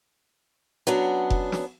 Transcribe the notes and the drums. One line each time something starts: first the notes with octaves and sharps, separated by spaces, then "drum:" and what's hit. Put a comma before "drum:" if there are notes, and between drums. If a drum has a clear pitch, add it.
F#3 B3 C#4 D4
drum: kick F1
drum: snare